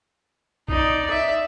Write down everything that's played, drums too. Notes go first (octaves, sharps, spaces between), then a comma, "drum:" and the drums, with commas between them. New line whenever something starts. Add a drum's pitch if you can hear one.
D#4 D5, drum: kick A#1
D5 E5